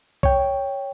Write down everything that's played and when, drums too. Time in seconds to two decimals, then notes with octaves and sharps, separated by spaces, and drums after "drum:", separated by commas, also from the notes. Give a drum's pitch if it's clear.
0.23 C#5 G5, drum: kick